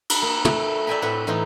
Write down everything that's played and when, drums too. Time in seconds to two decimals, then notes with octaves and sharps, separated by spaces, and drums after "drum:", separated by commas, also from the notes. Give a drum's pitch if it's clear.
0.10 drum: cymbal
0.22 A#3
0.45 A3, drum: tom
0.87 D5 E5 G5 G#5 A#5 B5
1.02 A2 C4 B4 F#5 G#5 B5
1.27 A2 E3 B3 D#4 F4